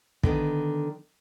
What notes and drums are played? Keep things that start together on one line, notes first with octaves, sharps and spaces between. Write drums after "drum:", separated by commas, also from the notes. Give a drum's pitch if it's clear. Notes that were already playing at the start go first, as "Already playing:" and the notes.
D3 D#3 B3, drum: kick